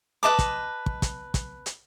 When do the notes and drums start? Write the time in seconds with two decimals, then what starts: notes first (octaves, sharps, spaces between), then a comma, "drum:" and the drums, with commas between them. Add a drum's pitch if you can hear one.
0.23 B4 D#5 A5 D6
0.39 drum: kick, hi-hat
0.86 drum: kick
1.02 drum: kick, hi-hat
1.34 drum: kick, hi-hat
1.66 drum: hi-hat